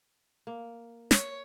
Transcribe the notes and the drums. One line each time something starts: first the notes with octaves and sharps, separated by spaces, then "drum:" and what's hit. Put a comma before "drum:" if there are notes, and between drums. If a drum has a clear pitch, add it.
A#3
C#5, drum: snare